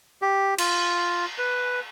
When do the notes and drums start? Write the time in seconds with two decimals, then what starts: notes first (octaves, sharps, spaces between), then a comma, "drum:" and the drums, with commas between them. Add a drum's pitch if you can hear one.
0.22 G4
0.58 F4, drum: cymbal
1.38 B4